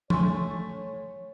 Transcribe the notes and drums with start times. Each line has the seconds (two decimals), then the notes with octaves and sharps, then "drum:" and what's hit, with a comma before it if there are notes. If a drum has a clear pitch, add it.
0.10 A3 C#5 G#5 C6 C#6, drum: tom